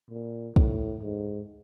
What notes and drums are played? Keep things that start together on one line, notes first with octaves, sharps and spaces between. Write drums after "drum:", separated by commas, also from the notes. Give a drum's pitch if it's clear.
A#2
A2, drum: kick
G#2